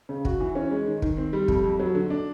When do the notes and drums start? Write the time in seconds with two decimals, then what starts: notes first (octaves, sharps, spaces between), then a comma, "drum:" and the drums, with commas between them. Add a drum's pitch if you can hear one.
0.09 C#3
0.25 F#4, drum: kick
0.40 E3
0.55 C#4
0.71 G#3
0.86 D#3
1.02 D#3, drum: kick
1.17 C4
1.33 G3
1.48 F2, drum: kick
1.64 F2
1.79 F#3
1.95 D3
2.10 D4